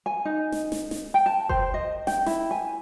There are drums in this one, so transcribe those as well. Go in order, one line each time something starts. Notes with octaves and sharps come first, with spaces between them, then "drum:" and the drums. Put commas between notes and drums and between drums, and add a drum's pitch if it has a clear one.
G#5
D#4
drum: snare
drum: snare
drum: snare
G5
A5
C5, drum: kick F#1
D#5
G5, drum: snare
E4, drum: snare
G#5